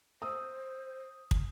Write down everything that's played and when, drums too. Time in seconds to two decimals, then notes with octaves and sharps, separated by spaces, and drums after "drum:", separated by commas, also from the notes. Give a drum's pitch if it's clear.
0.22 C5 D#6 E6
1.31 drum: kick